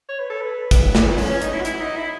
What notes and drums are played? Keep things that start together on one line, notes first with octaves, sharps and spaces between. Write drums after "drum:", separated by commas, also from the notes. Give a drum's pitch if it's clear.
C#5
B4
A4
B4
drum: kick, hi-hat
drum: snare
C#4, drum: open hi-hat
C#4
D#4, drum: hi-hat
E4
F#4
E4, drum: hi-hat
D#4
E4